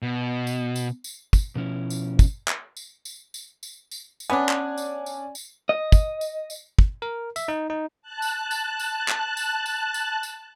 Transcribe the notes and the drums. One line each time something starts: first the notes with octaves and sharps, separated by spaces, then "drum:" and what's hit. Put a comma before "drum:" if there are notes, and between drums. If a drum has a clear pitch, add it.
B2
drum: tambourine
drum: tambourine
drum: tambourine
drum: kick, tambourine
B2 F3 C#4 E4
drum: tambourine
drum: kick, tambourine
drum: clap
drum: tambourine
drum: tambourine
drum: tambourine
drum: tambourine
drum: tambourine
drum: tambourine
B3 C#4 D4 D5 G#5
drum: clap
drum: tambourine
drum: tambourine
drum: tambourine
D#5
drum: kick, tambourine
drum: tambourine
drum: tambourine
drum: kick
A#4
E5, drum: tambourine
D#4
D#4
A5 F#6
drum: tambourine
drum: tambourine
drum: tambourine
drum: clap
drum: tambourine
drum: tambourine
drum: tambourine
drum: tambourine